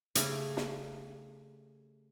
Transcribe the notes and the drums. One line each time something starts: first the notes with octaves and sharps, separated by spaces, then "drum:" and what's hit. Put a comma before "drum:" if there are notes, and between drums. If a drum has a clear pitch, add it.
C#3 A3 G4 G#5, drum: hi-hat
drum: snare